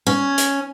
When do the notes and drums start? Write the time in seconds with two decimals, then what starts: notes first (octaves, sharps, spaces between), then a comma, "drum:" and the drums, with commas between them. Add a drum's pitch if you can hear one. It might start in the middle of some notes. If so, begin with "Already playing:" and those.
0.07 C#4
0.38 drum: hi-hat